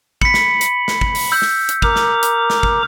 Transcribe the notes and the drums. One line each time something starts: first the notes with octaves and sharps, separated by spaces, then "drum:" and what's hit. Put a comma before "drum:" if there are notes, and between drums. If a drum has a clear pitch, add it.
B5 B6 C#7, drum: kick
drum: snare
drum: hi-hat
drum: snare
drum: kick
drum: open hi-hat
E6 G6
drum: snare
drum: hi-hat
A#4 A#5 D6, drum: kick
drum: snare
drum: hi-hat
drum: snare
drum: kick